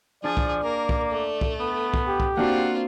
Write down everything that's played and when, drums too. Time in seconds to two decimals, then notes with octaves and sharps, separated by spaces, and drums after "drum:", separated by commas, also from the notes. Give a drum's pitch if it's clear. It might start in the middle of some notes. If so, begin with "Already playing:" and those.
0.24 F3 D4 G#4 D5 A6
0.37 drum: kick C2
0.63 A#3 A#4
0.89 drum: kick C2
1.10 A3
1.41 drum: kick C2
1.60 B3
1.94 drum: kick C2
2.07 G4
2.20 drum: kick C2
2.37 A#3 C4 D4 F4 F#4 F#5